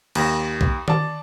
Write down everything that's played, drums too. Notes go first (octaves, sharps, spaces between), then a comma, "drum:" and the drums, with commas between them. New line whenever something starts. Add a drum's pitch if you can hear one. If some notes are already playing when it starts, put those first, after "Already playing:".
D#2 A#6, drum: cymbal
drum: kick
D5 A5, drum: tom D#3